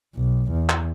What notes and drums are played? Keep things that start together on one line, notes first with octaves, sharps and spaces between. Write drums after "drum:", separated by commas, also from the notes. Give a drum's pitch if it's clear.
B1
E2
drum: clap